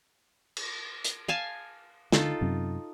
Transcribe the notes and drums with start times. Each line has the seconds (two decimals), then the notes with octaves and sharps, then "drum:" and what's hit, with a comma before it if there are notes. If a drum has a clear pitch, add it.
0.57 drum: cymbal
1.05 drum: hi-hat
1.28 F5 G#5 A5
2.12 D3 D#4 F4 A4, drum: snare
2.41 F#2 C3